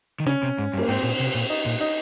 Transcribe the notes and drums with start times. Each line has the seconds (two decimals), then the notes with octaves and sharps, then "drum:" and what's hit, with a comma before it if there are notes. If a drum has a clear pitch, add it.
0.20 D#3
0.27 C#3 C#4
0.43 C3
0.58 G#2
0.73 G2
0.78 A#3, drum: cymbal
0.88 G#2 C4
1.03 A#2
1.20 C3
1.35 A#2
1.50 D#4
1.66 A#2
1.81 D#4